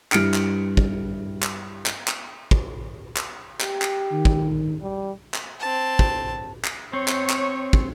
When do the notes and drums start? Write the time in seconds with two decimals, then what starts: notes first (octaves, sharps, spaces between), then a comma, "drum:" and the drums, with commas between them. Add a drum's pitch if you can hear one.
0.12 G2 G3 E4 F6 C#7 D7, drum: clap
0.34 drum: clap
0.77 drum: kick
1.43 drum: clap
1.86 drum: clap
2.08 drum: clap
2.51 drum: kick
3.17 drum: clap
3.61 G4, drum: clap
3.82 drum: clap
4.12 D#3
4.25 drum: kick
4.82 G3
5.34 drum: clap
5.60 C4 A5
5.99 drum: kick
6.64 drum: clap
6.93 C4 C#5
7.08 drum: clap
7.30 drum: clap
7.73 drum: kick